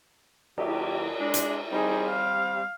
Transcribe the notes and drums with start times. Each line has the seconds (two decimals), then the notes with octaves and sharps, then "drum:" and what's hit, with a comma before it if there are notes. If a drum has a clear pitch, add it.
0.58 D#2 F#3 G4, drum: cymbal
1.19 G#3 D4
1.34 drum: hi-hat
1.71 G3 C4 D#4 G#4
2.08 F5